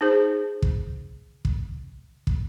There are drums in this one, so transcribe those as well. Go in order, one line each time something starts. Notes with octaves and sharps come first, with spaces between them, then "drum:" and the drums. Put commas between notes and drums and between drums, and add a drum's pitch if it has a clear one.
D#4 G#4 C5
drum: kick
drum: kick
drum: kick